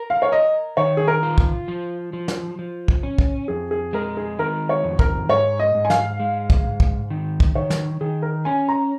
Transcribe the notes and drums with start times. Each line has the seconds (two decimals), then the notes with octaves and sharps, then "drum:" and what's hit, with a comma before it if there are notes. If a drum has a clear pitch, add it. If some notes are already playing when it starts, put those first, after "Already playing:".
Already playing: A#4
0.10 F5
0.22 C#5
0.32 A#4 D#5
0.77 D#3 C#5
0.97 G#4
1.08 A#4
1.23 F4
1.38 drum: kick
1.68 F3
2.13 F3
2.28 drum: snare
2.59 F3
2.88 drum: kick
3.03 C#4
3.18 drum: kick
3.48 F2 G#4
3.71 G#4
3.93 G#3 A#4
4.17 G#4
4.39 D#3 A#4
4.69 C#5
4.84 F2
4.99 A#4, drum: kick
5.29 G#2 C#5
5.59 D#5
5.75 G#2
5.85 G#5
5.90 F5, drum: snare
6.20 G#3
6.50 drum: kick
6.65 G#2
6.80 drum: kick
7.10 D#3
7.40 drum: kick
7.55 D#3 C#5
7.70 drum: snare
8.01 D#3 G#4
8.22 A#4
8.45 C#4 G#5
8.68 A#5